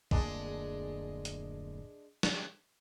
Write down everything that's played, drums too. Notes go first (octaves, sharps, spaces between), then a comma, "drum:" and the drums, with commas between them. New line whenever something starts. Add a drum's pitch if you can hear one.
D1 F2 G#3 A#3 D4, drum: kick
drum: hi-hat
drum: snare